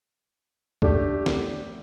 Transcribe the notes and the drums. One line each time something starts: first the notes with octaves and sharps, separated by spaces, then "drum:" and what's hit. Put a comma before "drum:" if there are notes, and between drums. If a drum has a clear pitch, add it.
A3 D4 G4, drum: kick
drum: snare